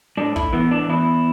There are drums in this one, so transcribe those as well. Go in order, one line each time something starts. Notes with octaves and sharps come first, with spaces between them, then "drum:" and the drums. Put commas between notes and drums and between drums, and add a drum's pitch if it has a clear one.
A2 D4
E4, drum: kick
E3 B3
D4
E2 E4